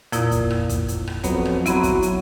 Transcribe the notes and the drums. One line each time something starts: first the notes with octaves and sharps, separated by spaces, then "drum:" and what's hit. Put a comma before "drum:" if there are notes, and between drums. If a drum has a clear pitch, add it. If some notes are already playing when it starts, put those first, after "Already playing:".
F2 A#2 E4 D#6, drum: hi-hat
drum: kick, hi-hat
drum: rim click
drum: kick, hi-hat
drum: hi-hat
drum: rim click
F2 F#3 B3, drum: kick, hi-hat
drum: rim click
F#3 B3 C4 E4, drum: hi-hat
drum: kick, hi-hat
drum: hi-hat